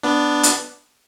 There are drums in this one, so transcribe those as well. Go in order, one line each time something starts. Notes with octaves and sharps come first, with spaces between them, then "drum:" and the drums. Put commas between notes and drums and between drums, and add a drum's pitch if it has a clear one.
B3 D4
drum: hi-hat